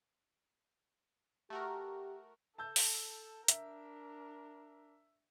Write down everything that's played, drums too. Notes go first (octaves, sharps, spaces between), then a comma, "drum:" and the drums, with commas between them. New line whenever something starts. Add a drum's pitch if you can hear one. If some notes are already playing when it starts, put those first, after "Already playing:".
A3 F#4 G4 A#4
A4 A5 E6 G6
drum: open hi-hat
D4 A#4 E5, drum: hi-hat